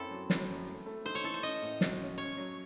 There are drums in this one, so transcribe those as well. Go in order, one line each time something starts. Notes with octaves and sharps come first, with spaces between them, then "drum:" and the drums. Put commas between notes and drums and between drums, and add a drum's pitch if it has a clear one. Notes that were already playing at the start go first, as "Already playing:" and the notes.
Already playing: F#2 C4 E4 A4
F#3
F#3, drum: snare
F#2
A3
A3
D#4 C5
C#5
E3 A4
C5
C#4 D#5
A2
F#4, drum: snare
C#4
C#4 C#5
F#3